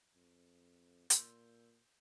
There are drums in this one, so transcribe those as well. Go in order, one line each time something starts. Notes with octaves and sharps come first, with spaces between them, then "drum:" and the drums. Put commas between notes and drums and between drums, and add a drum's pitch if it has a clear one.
F2
A#2 C6 E6 G6, drum: hi-hat